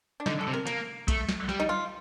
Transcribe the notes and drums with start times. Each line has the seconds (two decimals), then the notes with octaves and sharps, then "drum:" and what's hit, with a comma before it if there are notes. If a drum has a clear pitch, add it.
0.20 D4
0.26 D3 D#4, drum: snare
0.41 A4
0.47 C3
0.53 A#4
0.67 A#3, drum: hi-hat
1.08 A3, drum: kick B1, hi-hat
1.29 drum: snare
1.49 G3, drum: snare
1.60 D#4
1.69 F4